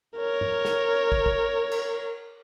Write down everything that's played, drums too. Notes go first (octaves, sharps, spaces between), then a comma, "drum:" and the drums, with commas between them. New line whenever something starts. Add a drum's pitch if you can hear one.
A#4 C#5
drum: tom G2
drum: snare
drum: kick
drum: kick
drum: cymbal